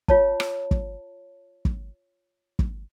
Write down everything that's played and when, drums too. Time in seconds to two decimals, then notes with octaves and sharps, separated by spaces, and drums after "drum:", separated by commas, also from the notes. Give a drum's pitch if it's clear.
0.08 F4 C#5 A5, drum: kick
0.40 drum: rim click
0.71 drum: kick
1.65 drum: kick
2.59 drum: kick